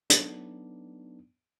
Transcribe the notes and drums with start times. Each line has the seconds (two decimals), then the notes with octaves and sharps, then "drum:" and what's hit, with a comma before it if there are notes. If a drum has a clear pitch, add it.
0.10 F#3 A3 B3 D4 D#4, drum: hi-hat